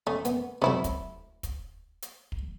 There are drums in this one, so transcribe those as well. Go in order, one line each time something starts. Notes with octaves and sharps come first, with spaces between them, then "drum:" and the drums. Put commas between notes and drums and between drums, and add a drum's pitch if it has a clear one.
A3 C#4
B3, drum: hi-hat
C3 F#3 A3 E4
drum: kick, hi-hat
drum: kick, hi-hat
drum: hi-hat
drum: kick